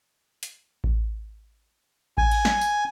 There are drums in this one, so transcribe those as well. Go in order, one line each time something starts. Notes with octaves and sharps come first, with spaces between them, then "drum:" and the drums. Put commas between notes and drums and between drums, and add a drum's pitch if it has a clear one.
drum: hi-hat
drum: kick A1
G#5, drum: kick A1
drum: cymbal
drum: snare
drum: tambourine